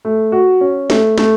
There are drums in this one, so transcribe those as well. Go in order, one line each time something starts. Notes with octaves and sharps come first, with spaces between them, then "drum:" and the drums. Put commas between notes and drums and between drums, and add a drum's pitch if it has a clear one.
A3
F#4
C#4
A3, drum: snare
A3, drum: snare